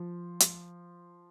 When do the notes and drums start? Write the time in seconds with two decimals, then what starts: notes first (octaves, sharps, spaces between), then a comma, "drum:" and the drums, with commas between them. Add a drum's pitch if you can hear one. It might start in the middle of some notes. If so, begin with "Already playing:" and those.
Already playing: F3
0.40 drum: hi-hat